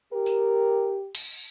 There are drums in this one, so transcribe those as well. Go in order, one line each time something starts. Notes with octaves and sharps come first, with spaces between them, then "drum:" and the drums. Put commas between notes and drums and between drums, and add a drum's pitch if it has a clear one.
G4 A#4
drum: tambourine
drum: cymbal